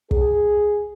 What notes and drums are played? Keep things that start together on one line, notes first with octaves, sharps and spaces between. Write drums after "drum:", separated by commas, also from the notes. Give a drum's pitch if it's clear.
G#4, drum: kick